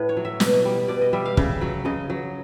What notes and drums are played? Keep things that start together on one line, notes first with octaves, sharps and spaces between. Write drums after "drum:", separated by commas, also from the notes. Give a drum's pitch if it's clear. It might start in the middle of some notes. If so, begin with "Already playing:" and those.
Already playing: A2 B4
C#5
F#3
E5
B2 D#5, drum: snare
G3
B2 D5
D#5
G3 E5
F5
C#3 E5, drum: kick
F#3
C#3 D#5
F#3